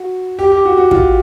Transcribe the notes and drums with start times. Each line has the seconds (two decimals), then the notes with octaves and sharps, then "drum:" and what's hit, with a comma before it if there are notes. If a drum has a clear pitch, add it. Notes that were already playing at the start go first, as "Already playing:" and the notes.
Already playing: F#4
0.39 G4
0.52 G4
0.65 F#4
0.78 F#4
0.91 F4, drum: kick